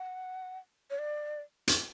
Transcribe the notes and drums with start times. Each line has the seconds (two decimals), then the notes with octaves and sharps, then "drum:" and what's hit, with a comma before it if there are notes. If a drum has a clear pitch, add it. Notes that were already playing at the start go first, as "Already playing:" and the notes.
Already playing: F#5
0.90 C#5
0.99 D5
1.68 drum: hi-hat